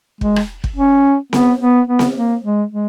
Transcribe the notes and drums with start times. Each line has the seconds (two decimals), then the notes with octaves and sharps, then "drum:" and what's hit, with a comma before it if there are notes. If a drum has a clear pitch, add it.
0.21 G#3, drum: kick
0.36 drum: rim click
0.64 drum: kick
0.77 C#4
1.33 B3, drum: snare C4
1.61 B3
1.88 B3
1.99 drum: snare C4
2.16 A#3
2.44 G#3
2.72 G#3